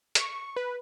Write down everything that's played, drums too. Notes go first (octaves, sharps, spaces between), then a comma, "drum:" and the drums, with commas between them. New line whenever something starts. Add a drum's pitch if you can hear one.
C#6, drum: hi-hat
B4